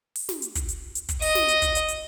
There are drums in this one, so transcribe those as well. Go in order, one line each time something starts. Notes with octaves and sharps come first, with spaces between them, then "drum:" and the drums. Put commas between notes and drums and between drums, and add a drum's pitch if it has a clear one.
drum: open hi-hat
drum: snare
drum: hi-hat
drum: kick, hi-hat
drum: hi-hat
drum: hi-hat
drum: kick, hi-hat
D#5, drum: open hi-hat
drum: snare
drum: hi-hat
drum: kick, hi-hat
drum: hi-hat
drum: hi-hat